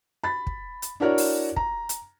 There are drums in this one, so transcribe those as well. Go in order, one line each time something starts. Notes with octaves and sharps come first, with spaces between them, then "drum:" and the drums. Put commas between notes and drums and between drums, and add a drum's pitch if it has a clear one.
B5 A6
drum: kick
drum: hi-hat
D4 E4 F#4 A#4 C#5 D5
drum: open hi-hat
A#5, drum: kick
drum: hi-hat